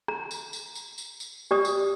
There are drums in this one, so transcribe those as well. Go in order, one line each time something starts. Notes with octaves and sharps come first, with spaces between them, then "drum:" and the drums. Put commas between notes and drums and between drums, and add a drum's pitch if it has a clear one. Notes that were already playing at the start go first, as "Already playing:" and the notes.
A#5, drum: rim click
drum: tambourine
drum: tambourine
drum: tambourine
drum: tambourine
drum: tambourine
G4 D5 D#6
drum: tambourine